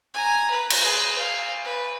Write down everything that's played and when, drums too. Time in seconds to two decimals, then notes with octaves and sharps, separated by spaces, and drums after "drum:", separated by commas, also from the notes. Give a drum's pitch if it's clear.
0.14 G#5 A#5
0.50 B4
0.70 drum: cymbal
0.81 G#4 B4
1.18 F5
1.65 B4